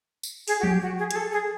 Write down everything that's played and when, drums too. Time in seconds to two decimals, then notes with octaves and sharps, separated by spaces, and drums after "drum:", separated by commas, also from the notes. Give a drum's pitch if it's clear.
0.23 drum: tambourine
0.48 G#4, drum: open hi-hat
0.60 F#4
0.63 G4, drum: tom F3
0.82 F#4
0.99 G#4
1.11 G#4, drum: hi-hat
1.16 A4
1.32 G#4